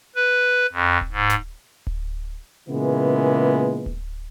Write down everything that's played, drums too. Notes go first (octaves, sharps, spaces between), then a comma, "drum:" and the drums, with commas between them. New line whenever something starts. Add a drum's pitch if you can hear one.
B4
F2
drum: kick D1
G#2
drum: snare
drum: kick D1
A#2 C#3 E3 G#3 A#3 B3
drum: kick D1